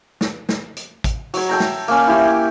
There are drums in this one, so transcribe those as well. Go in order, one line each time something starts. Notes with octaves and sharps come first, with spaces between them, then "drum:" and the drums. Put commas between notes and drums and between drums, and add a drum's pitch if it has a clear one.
drum: snare
drum: snare
drum: hi-hat
drum: kick, hi-hat
F#3 C#5, drum: open hi-hat
A4 G5 A#5
drum: snare
A#3 C#4, drum: open hi-hat
E4 G4 C#5
G5